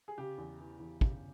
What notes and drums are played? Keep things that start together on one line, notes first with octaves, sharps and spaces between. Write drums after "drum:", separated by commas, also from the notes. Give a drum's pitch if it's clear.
G#4
C#3 G4
E2
E3
E2
C#3, drum: kick